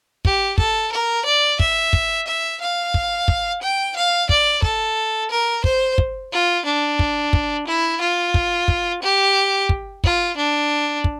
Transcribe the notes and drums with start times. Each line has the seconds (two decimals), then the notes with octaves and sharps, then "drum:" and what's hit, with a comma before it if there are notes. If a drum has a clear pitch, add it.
0.25 G4, drum: kick
0.58 A4, drum: kick
0.92 A#4
1.25 D5
1.60 E5, drum: kick
1.93 drum: kick
2.27 E5
2.61 F5
2.94 drum: kick
3.28 drum: kick
3.61 G5
3.96 F5
4.29 D5, drum: kick
4.62 A4, drum: kick
5.30 A#4
5.64 C5, drum: kick
5.98 drum: kick
6.32 F4
6.65 D4
6.99 drum: kick
7.33 drum: kick
7.67 E4
8.01 F4
8.34 drum: kick
8.68 drum: kick
9.02 G4
9.69 drum: kick
10.04 F4, drum: kick
10.37 D4
11.04 drum: kick